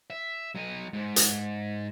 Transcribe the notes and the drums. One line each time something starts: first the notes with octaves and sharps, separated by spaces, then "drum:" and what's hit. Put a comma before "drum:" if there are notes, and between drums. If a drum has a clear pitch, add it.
E5
F#3 D#5
G#2
drum: hi-hat